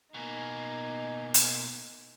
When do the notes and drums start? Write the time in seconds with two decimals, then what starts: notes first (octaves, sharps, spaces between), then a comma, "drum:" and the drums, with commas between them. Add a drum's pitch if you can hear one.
0.14 B2 A#3 D#4 G#5
1.34 drum: hi-hat